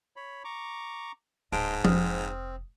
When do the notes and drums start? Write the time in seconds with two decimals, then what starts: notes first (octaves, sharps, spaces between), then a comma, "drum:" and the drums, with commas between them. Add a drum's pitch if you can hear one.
0.16 C#5 B5
0.44 A#5 C#6 D6
1.52 D1 G#2 D#5 A5 A#5 C6 D7
1.85 F1 C4 D#6 F6, drum: tom F3